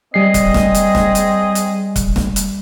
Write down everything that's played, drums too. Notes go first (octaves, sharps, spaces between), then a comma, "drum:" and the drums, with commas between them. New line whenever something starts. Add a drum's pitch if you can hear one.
G3 C4 G#4 D#5 C7
drum: kick, hi-hat
drum: snare E1
drum: hi-hat
drum: snare E1
drum: hi-hat
drum: hi-hat
drum: kick, hi-hat
drum: snare E1
drum: hi-hat